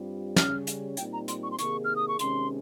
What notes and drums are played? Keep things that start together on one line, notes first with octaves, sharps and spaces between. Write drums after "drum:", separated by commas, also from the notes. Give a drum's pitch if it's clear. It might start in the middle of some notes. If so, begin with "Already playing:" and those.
Already playing: G2 G3 C4 F4
C#3 G3 C#4 F6, drum: snare
drum: hi-hat
A#2 G3 C4 D#4 G5, drum: hi-hat
A#5
C6, drum: hi-hat
C#6
C6
C3 D#3 A#3 D#4 G#4 C#6, drum: hi-hat
F6
D#6
C#6
C3 D#3 G#3 C#4 C6, drum: hi-hat